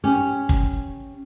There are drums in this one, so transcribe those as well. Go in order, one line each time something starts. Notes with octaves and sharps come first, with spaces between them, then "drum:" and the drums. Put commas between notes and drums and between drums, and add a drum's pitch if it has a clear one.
C#4 G4
drum: kick